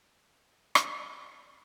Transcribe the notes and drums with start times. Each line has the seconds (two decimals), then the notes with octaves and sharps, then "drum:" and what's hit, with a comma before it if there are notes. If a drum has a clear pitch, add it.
0.12 C5
0.37 C#5
0.75 drum: rim click
1.33 D#5